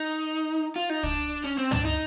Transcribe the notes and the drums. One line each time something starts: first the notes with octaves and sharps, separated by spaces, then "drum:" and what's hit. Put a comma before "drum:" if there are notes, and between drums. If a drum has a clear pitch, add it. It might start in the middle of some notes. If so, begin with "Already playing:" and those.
Already playing: D#4
F4
D#4
D4, drum: kick
C#4
C4
D4, drum: tom
D#4